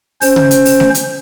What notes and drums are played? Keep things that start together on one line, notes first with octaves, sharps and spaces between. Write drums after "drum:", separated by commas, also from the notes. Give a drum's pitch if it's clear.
C#4 C5, drum: open hi-hat
drum: tom C#3
drum: hi-hat
drum: open hi-hat
drum: snare A3
drum: hi-hat